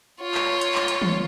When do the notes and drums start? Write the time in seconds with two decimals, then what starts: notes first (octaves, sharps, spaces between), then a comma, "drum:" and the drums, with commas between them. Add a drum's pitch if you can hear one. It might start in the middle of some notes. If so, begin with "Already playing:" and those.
0.21 F4 C#5
0.35 drum: clap
0.61 drum: hi-hat
0.75 drum: clap
0.88 drum: hi-hat
1.02 drum: tom